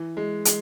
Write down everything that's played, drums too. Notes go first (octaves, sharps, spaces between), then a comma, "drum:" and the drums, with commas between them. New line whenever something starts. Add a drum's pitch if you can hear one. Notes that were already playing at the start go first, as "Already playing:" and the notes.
Already playing: E3
G#3
G#3, drum: hi-hat